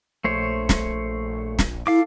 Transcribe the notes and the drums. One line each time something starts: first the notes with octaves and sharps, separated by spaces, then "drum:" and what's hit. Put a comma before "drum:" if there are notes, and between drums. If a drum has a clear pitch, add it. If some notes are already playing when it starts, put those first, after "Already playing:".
A#1 A3 C5 C#5
drum: snare
drum: snare
E4 A4 F5 D6